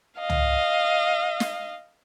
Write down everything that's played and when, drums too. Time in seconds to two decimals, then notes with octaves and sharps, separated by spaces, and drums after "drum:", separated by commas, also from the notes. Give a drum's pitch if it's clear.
0.19 D#5 F5
0.29 drum: tom
1.40 drum: snare